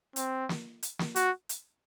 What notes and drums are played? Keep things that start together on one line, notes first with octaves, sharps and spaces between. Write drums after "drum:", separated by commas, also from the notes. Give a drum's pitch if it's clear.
C4, drum: hi-hat
drum: snare
drum: hi-hat
drum: snare
F#4, drum: hi-hat
drum: hi-hat